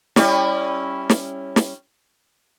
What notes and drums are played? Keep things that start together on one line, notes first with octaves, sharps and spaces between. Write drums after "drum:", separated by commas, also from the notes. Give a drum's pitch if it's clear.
G3 C#4 E4, drum: snare
drum: snare
drum: snare